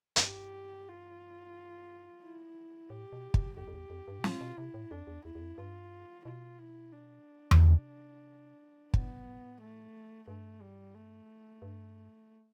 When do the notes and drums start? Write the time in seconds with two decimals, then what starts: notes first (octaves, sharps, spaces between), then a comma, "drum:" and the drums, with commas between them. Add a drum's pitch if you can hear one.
0.16 F2, drum: hi-hat
0.21 G2 G4
0.89 F4
2.23 E4
2.90 A2 G4
3.13 B2
3.34 B2, drum: kick
3.57 F2 G4
3.68 F2
3.74 E2
3.90 F2
4.08 G2
4.20 B2
4.24 A2 F4, drum: snare
4.41 B2
4.57 C3 E4
4.74 A2
4.91 F2 D4
5.07 E2
5.24 E2 E4
5.35 E2
5.42 F2
5.58 G2 F4
6.25 B2 F4
6.59 E4
6.92 D4
7.51 D3, drum: tom E2
7.60 C3
8.94 A2 B3, drum: kick
9.61 A3
10.28 G2 A3
10.62 G3
10.95 A3
11.62 G2